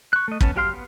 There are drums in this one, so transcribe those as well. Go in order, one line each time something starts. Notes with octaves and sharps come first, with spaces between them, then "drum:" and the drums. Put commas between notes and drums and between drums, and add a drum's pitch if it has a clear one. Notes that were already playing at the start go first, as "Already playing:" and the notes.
C#6 F#6
A3 D#5
B3 C#4 A5, drum: kick
F#3 G4 F5 C6 F6
B3